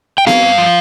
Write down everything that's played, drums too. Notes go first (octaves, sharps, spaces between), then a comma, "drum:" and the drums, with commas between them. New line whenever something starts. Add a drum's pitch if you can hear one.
G5
C4 F5, drum: snare B3
G2
F3